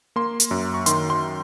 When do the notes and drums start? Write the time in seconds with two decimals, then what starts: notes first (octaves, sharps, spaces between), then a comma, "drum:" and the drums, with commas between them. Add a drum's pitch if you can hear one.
0.16 A#3 C6
0.40 drum: hi-hat
0.51 F#2
0.74 C#6
0.86 D#3 C6, drum: hi-hat
1.10 C6